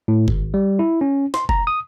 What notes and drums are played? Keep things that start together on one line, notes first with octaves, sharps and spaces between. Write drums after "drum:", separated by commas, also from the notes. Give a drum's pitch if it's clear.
A2
G#1, drum: kick
G3
E4
C#4
C6, drum: snare
A#5, drum: kick
D#6